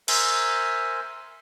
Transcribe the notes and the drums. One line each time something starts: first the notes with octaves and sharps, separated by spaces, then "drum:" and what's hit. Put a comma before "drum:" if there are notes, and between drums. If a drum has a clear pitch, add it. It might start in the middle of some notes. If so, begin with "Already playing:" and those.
A#4 C5 E5 G#5, drum: cymbal